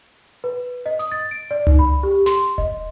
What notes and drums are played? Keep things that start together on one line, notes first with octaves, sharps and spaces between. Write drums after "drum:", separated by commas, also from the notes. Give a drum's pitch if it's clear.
B4
D#5
D#6, drum: hi-hat
A6
D7
D5
D#4, drum: tom C#2
B5
G4
C6, drum: snare
D#5, drum: kick D#1